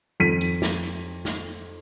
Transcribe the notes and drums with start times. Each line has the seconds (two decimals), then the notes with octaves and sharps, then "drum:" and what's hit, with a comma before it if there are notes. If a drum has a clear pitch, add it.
0.20 F2 B6 D#7
0.41 drum: hi-hat
0.62 drum: snare
0.83 drum: hi-hat
1.25 drum: snare